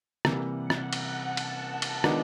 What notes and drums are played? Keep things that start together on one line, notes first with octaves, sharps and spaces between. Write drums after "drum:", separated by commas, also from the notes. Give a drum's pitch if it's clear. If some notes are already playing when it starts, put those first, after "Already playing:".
C3 E3 G3 A#3 F#5, drum: rim click
F#5
drum: rim click
drum: cymbal
A5
drum: cymbal
A5
drum: cymbal
D#3 G#3 B3 D4 F4, drum: rim click